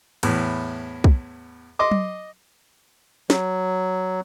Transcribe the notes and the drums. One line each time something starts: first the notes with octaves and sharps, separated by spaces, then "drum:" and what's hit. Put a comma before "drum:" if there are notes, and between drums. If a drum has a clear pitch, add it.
E2 A2, drum: cymbal
drum: kick
D#5 C6 D6
drum: tom F#3
F#3, drum: snare